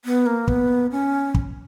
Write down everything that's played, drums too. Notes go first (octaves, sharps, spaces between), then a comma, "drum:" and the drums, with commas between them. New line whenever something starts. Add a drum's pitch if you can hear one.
B3
A#3
B3, drum: kick
C#4
drum: kick